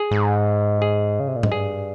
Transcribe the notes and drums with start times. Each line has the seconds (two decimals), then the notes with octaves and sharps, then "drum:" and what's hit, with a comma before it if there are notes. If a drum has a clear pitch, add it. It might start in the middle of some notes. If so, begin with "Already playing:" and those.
Already playing: G#4
0.11 G#2
0.82 G#4
1.20 C#3
1.28 C3
1.36 A#2
1.43 G#2, drum: tom G#2
1.51 G2 G#4